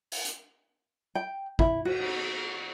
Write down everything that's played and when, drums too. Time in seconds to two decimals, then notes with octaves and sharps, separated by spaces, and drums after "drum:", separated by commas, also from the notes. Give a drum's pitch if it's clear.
0.12 drum: open hi-hat
0.25 drum: hi-hat
1.15 G5
1.59 E4, drum: kick
1.85 F#4, drum: cymbal
1.99 drum: cymbal